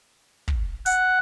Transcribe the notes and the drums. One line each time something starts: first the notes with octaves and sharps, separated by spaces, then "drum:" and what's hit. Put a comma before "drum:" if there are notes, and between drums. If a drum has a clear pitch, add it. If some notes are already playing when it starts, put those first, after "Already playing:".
drum: kick
F#5, drum: hi-hat